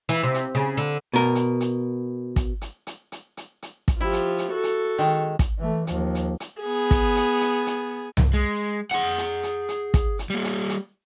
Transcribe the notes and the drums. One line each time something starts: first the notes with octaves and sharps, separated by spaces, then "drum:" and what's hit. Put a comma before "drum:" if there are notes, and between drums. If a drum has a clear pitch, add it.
E3, drum: hi-hat
C3
drum: hi-hat
C#3
D3
B2 A#4
drum: hi-hat
drum: hi-hat
drum: kick, hi-hat
drum: hi-hat
drum: hi-hat
drum: hi-hat
drum: hi-hat
drum: hi-hat
drum: kick, hi-hat
F3 E4 G4
drum: hi-hat
drum: hi-hat
F#4 A4
drum: hi-hat
D#3 G#3
drum: kick, hi-hat
E3 A3
D#2 F3, drum: hi-hat
drum: hi-hat
drum: hi-hat
B3 G#4
drum: kick, hi-hat
drum: hi-hat
drum: hi-hat
drum: hi-hat
drum: tom C2
G#3
G#4 F#5, drum: hi-hat
drum: hi-hat
drum: hi-hat
drum: hi-hat
drum: kick, hi-hat
drum: hi-hat
G3 A#3
drum: hi-hat
drum: hi-hat